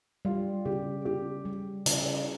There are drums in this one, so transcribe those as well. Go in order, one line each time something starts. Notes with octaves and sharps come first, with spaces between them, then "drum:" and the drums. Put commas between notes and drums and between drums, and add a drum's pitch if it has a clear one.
G3 F4
C#3 G4
C#3 G4
G3
C#3, drum: hi-hat